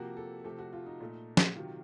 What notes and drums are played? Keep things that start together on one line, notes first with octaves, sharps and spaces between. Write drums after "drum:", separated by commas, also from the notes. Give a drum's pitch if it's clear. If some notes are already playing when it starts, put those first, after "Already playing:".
Already playing: C3 F3 A#3 F#4
A4
C3 F3 A3 A4
F#4
F4
D#4
A#2 A3
drum: snare
C3 D#3 F#3 F4